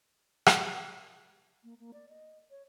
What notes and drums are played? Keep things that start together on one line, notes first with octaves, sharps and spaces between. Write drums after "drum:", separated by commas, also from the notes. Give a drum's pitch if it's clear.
drum: rim click
A#3
A#3
D5
D#5
C#5